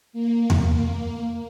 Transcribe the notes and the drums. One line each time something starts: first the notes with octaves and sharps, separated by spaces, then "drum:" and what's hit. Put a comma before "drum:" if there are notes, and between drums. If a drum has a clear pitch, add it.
A#3
drum: tom E2